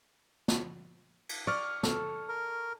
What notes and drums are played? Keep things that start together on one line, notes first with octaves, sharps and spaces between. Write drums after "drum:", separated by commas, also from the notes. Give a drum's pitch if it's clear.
drum: snare
drum: cymbal
D5 C#6 F6
A4, drum: snare
A#4